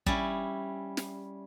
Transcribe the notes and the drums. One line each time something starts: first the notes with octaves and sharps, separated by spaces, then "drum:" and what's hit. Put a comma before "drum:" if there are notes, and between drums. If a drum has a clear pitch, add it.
G3 C#4 E4, drum: kick
drum: snare